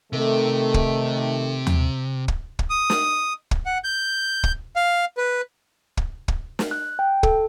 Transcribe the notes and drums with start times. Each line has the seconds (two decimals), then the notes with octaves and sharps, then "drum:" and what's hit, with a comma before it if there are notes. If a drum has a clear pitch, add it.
0.13 C3 D#3 A3
0.74 drum: kick
1.67 drum: tom D#2
2.28 drum: kick
2.59 drum: kick
2.70 D#6
2.90 drum: snare
3.51 drum: kick
3.66 F#5
3.84 G6
4.44 drum: kick
4.76 F5
5.17 B4
5.97 drum: kick
6.28 drum: kick
6.59 drum: snare
6.71 F#6
6.99 G5
7.23 A4, drum: kick